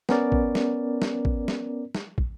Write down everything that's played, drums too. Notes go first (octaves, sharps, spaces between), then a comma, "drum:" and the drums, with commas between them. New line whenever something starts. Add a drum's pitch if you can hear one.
B3 C#4 A#4 D5, drum: snare
drum: kick
drum: snare
drum: snare
drum: kick
drum: snare
drum: snare
drum: kick